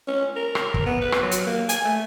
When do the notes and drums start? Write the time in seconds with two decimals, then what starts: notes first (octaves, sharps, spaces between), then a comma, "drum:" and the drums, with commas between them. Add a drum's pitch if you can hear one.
0.08 C#4
0.36 A#4
0.55 drum: rim click
0.74 drum: kick
0.86 B3
1.01 B4
1.12 drum: rim click
1.22 F#3
1.31 drum: hi-hat
1.46 A#3
1.69 G#5, drum: hi-hat
1.84 A3